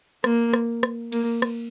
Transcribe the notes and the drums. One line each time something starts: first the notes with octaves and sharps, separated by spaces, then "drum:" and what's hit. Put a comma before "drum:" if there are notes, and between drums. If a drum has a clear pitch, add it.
A#3, drum: rim click
drum: rim click
drum: rim click
A#3, drum: cymbal
drum: rim click